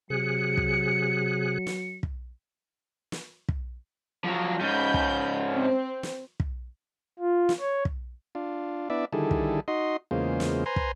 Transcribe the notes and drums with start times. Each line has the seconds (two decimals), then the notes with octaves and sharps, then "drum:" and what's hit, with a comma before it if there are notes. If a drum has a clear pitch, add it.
0.10 C3 F#3 G#4 F#6 C#7
0.57 drum: kick
1.67 drum: snare
2.03 drum: kick
3.12 drum: snare
3.49 drum: kick
4.24 F3 F#3
4.61 G#2 C#4 B5 G6
4.94 drum: kick
5.51 C4
6.03 drum: snare
6.40 drum: kick
7.20 F4
7.49 drum: snare
7.60 C#5
7.85 drum: kick
8.35 D4 F4
8.90 B3 D4 E4 D5 E5
9.13 D3 D#3 G3 E4 G#4 A4
9.31 drum: kick
9.68 D#4 F#4 D#5 C6
10.11 E2 C#3 G#3 A#3 F4 C5
10.40 drum: snare
10.66 B4 C5 G#5 A#5 C6
10.76 drum: kick